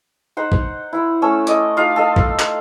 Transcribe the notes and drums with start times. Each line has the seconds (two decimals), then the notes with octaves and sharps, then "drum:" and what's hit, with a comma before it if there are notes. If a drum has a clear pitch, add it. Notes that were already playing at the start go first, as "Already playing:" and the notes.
0.37 D#4 C5 F#5
0.52 drum: kick A1
0.93 E4 F#5
1.22 A3 C#4 A4 E6
1.47 D5 D#5, drum: hi-hat
1.77 D#4 F4 D#5 F5
1.96 A4 D#5 F5
2.16 drum: kick A1
2.39 drum: clap